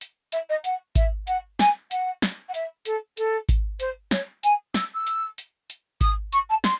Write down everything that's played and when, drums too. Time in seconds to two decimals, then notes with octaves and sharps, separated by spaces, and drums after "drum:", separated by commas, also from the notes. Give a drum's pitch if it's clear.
0.01 drum: hi-hat
0.32 E5, drum: hi-hat
0.49 D#5
0.64 F#5, drum: hi-hat
0.95 E5, drum: kick G#1, hi-hat
1.27 F#5, drum: hi-hat
1.59 G#5, drum: snare
1.91 F#5, drum: hi-hat
2.22 drum: snare
2.48 F#5
2.54 E5, drum: hi-hat
2.85 A4, drum: hi-hat
3.17 A4, drum: hi-hat
3.49 drum: kick G#1, hi-hat
3.80 C5, drum: hi-hat
4.11 C#5, drum: snare
4.43 G#5, drum: hi-hat
4.74 E6, drum: snare
4.94 E6
5.07 drum: hi-hat
5.38 drum: hi-hat
5.70 drum: hi-hat
6.01 D#6, drum: kick G#1, hi-hat
6.33 C#6, drum: hi-hat
6.49 A5
6.64 C6, drum: snare